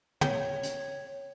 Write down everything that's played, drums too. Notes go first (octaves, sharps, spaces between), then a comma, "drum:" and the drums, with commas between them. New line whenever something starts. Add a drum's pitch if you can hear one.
C#5 G5, drum: tom
drum: hi-hat